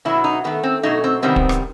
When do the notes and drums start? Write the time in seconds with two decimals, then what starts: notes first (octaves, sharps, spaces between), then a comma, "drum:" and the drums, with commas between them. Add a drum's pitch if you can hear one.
0.05 B2 F#3 B3 E4
0.24 D#4
0.44 D#3 A3 B3
0.63 C4
0.83 B2 F#3 A3 D#4
1.04 C4
1.22 C3 D#3 G3 B3 C4
1.36 drum: kick
1.49 drum: rim click